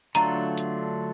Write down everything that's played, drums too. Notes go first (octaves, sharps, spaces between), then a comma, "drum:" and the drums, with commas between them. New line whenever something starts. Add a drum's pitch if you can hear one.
D3 F#3 A3 D4 F4 A#5, drum: hi-hat
drum: hi-hat